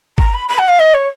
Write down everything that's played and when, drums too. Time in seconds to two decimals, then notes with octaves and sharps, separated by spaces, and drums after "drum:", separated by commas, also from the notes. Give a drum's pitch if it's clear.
0.18 A#5, drum: kick
0.34 B5
0.48 B5
0.58 F#5
0.68 F5
0.79 D#5
0.94 C#5